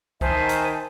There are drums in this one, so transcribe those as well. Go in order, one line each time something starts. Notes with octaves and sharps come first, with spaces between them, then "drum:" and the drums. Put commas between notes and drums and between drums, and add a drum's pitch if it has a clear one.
D#3 C5 E5 G#5 A5, drum: kick
drum: hi-hat